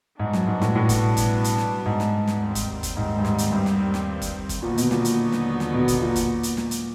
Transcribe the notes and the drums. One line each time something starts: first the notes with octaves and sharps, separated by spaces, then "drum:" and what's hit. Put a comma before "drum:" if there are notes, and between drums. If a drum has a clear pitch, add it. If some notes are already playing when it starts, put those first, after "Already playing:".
G#2 B2 G3 B3 D4 F#4
F#2, drum: snare
G#2
A2, drum: snare
A2
drum: kick, hi-hat
drum: kick, hi-hat
drum: hi-hat
drum: snare
G#2
drum: snare
drum: snare
D#2 D#3 G3 C4
drum: kick, hi-hat
drum: kick, hi-hat
G#2
G2
G#2, drum: snare
drum: hi-hat
G2
drum: snare
drum: snare
drum: kick, hi-hat
drum: kick, hi-hat
D#2 A#2 D3 F#3 B3 D#4
B2, drum: hi-hat
A#2, drum: snare
drum: hi-hat
drum: snare
drum: snare
B2
drum: kick, hi-hat
A#2
drum: kick, hi-hat
drum: hi-hat
drum: snare
drum: hi-hat